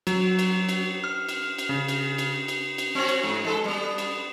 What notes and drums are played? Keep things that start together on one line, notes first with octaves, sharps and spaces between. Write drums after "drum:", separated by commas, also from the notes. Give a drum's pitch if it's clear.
F#3, drum: cymbal
drum: cymbal
drum: cymbal
F6
drum: cymbal
drum: cymbal
C#3
drum: cymbal
drum: cymbal
drum: cymbal
drum: cymbal
C4 C#4 F#4
drum: cymbal
G#2
G#3 A4 B4
G3 B3
drum: cymbal